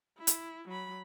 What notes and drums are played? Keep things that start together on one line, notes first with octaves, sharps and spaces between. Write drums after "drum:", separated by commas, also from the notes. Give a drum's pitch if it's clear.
E4
drum: hi-hat
F#3 B5